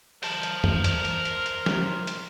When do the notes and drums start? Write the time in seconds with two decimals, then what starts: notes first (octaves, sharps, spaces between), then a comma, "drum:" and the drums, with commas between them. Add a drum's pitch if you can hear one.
0.23 A#4 C5 A5, drum: open hi-hat
0.43 drum: hi-hat
0.64 drum: tom
0.84 drum: hi-hat
1.05 drum: hi-hat
1.25 drum: hi-hat
1.46 drum: hi-hat
1.66 drum: snare
2.07 drum: hi-hat